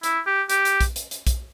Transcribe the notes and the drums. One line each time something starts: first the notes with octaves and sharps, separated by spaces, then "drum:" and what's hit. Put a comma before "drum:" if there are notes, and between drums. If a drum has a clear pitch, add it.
E4, drum: hi-hat
G4
G4, drum: hi-hat
drum: hi-hat
drum: kick, hi-hat
drum: hi-hat
drum: hi-hat
drum: kick, hi-hat